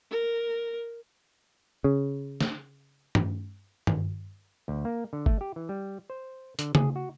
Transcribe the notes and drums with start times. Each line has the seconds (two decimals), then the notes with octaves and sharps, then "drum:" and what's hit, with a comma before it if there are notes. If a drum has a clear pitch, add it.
0.11 A#4
1.84 C#3
2.41 drum: snare
3.15 drum: tom G2
3.87 drum: tom G2
4.68 D2
4.85 A#3
5.13 D3
5.26 A3, drum: kick G1
5.41 G4
5.56 E3
5.69 G3
6.10 C5
6.59 D3, drum: hi-hat
6.75 G#4, drum: tom C#3
6.96 F#4